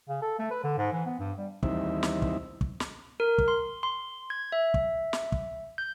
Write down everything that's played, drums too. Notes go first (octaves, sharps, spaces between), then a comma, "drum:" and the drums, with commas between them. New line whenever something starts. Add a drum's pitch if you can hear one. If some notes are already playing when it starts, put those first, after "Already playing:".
C#3
A4
A3
B4
D3
G#2
E3
B3
G2
G3
D#2 E3 G3 C4 D#4 E5, drum: kick
drum: snare
drum: kick
drum: kick
drum: snare
A#4
drum: kick
C6
C6
G#6
E5
drum: kick
drum: snare
drum: kick
G6